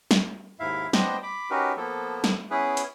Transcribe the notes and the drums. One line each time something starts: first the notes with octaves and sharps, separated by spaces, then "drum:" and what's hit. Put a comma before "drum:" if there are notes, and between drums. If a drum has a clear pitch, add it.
drum: snare
D#2 G#2 E4 E5 F5
B3 D4 C5 D#5 G5, drum: snare
B5 D6
C#4 D#4 F#4 G4 A#4 B4
F3 A#3 B3 A4
drum: snare
B3 C#4 E4 G#4 B4
drum: hi-hat